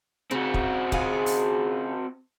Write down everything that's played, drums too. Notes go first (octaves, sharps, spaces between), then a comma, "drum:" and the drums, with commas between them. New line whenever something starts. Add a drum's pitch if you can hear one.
C#3 C4 F#4
drum: kick
C#3 F4 G#4, drum: kick
drum: open hi-hat